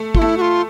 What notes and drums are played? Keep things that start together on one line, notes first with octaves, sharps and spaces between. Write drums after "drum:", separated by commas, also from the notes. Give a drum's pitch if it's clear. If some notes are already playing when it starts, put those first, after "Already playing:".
Already playing: A3
F4, drum: kick
A3 E4
F#4
F4